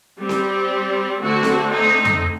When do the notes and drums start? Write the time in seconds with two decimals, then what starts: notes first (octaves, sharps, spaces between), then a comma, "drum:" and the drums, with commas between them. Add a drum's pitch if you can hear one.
0.20 G3 C4 G4
0.29 drum: snare C4
1.21 D3 A3 C4 F#4
1.43 drum: snare C4
1.72 D#4
2.05 drum: tom F2